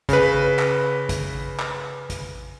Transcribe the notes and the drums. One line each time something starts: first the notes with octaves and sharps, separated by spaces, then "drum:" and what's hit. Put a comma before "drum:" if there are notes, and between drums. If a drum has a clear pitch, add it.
C#3 B4, drum: kick, hi-hat
drum: clap
drum: kick, hi-hat
drum: clap
drum: kick, hi-hat